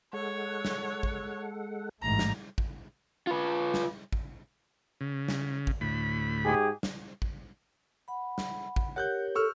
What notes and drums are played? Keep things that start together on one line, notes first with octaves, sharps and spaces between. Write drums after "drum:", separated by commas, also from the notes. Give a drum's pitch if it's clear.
G#3 A4 C#5 F#5
drum: snare
drum: kick A1
A1 G#2 A3 A#5
drum: snare
drum: kick A1
F4 B4
drum: snare
drum: kick A1
C#3
drum: snare
drum: kick A1
D2 A2 B5
G#2 G4 G#4
drum: snare
drum: kick A1
F#5 B5
drum: snare
drum: kick A1
G4 A#4 C#5 F#5 F#6 G6
A4 C#6 E6 F6